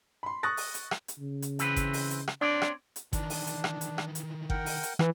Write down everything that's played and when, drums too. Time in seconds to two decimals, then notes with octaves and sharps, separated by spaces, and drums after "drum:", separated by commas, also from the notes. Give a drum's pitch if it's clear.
0.23 B5 C6
0.43 C#6 D#6 F#6 A6 A#6
0.57 drum: open hi-hat
0.74 drum: hi-hat
0.91 drum: rim click
1.08 drum: hi-hat
1.19 C#3
1.42 drum: hi-hat
1.59 E3 C4 B4, drum: hi-hat
1.76 drum: kick G1, hi-hat
1.93 drum: open hi-hat
2.11 drum: hi-hat
2.28 drum: rim click
2.41 C4 D4 C#5 D5
2.62 drum: rim click
2.96 drum: hi-hat
3.13 D#3 E3 D4, drum: kick G1, hi-hat
3.30 drum: open hi-hat
3.47 drum: hi-hat
3.64 drum: rim click
3.81 drum: hi-hat
3.98 drum: rim click
4.15 drum: hi-hat
4.50 A#4 F#5 G5, drum: kick G1
4.66 drum: open hi-hat
4.83 drum: hi-hat
4.99 E3, drum: rim click